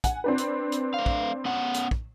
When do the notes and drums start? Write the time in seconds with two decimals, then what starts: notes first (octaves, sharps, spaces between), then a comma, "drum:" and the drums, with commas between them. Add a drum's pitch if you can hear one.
0.04 F#5 G#5, drum: kick, hi-hat
0.24 C4 D4 B4
0.38 drum: hi-hat
0.72 drum: hi-hat
0.94 A3 F5
1.06 drum: kick
1.45 B3 C#4 F#5
1.74 drum: hi-hat
1.91 drum: kick